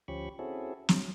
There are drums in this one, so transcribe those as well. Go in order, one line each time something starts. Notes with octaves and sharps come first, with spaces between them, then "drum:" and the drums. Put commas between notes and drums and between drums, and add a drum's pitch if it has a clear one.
D2 F3 C#4 G4 B5 C#6
C4 C#4 E4 F#4 G#4 A4
F#3, drum: snare